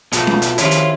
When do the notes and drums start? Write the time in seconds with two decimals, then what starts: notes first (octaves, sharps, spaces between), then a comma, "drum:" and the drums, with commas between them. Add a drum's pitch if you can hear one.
0.12 B2 G#3 A3 F4, drum: hi-hat
0.27 drum: snare C#4
0.42 drum: hi-hat
0.58 A#1 D#2 C#4 E4 F4, drum: hi-hat
0.71 drum: hi-hat